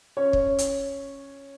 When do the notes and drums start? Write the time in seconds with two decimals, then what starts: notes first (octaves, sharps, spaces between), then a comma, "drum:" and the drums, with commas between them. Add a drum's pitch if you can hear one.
0.17 C#4 C#5
0.33 drum: kick
0.58 drum: hi-hat